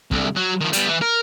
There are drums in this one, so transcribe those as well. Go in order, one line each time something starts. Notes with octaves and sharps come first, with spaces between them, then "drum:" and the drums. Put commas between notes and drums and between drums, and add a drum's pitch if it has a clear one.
C2 D3, drum: kick
F#3
D#3 F3
G3 B3, drum: hi-hat
E3
A#4